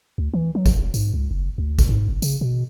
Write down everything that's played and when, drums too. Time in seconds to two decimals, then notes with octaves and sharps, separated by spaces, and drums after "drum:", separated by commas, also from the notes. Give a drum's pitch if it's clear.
0.18 D2
0.34 E3
0.55 F#3
0.66 drum: kick G#1, tambourine
0.75 E1
0.94 G#2, drum: tambourine
1.14 C#2
1.31 F#1
1.58 D2
1.79 drum: kick G#1, tambourine
1.89 G#2
2.08 G1
2.22 C#3, drum: tambourine
2.41 B2